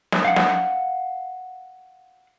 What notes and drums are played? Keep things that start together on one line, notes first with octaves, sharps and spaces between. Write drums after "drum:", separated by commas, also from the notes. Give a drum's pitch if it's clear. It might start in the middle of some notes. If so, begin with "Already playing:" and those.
drum: snare
F5 F#5
drum: snare